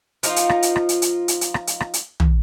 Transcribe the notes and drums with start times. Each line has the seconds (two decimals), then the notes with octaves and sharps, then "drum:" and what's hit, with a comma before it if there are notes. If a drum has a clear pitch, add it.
0.23 F3 D#4 F4, drum: hi-hat
0.36 drum: hi-hat
0.49 drum: rim click
0.62 drum: hi-hat
0.76 drum: rim click
0.89 drum: hi-hat
1.02 drum: hi-hat
1.28 drum: hi-hat
1.41 drum: hi-hat
1.54 drum: rim click
1.67 drum: hi-hat
1.80 drum: rim click
1.94 drum: hi-hat
2.20 drum: tom